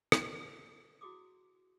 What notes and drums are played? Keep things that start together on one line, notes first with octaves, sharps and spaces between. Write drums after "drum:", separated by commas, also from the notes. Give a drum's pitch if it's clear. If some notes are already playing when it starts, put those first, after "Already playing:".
A4 G#5, drum: rim click
E4 F#4 G#4 D6 D#6